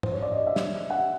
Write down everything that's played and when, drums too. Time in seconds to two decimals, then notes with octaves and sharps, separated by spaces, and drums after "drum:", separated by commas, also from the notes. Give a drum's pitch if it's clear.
0.03 C5, drum: tom G#2
0.13 C#5
0.22 D5
0.32 D#5
0.47 E5
0.56 drum: snare
0.90 F#5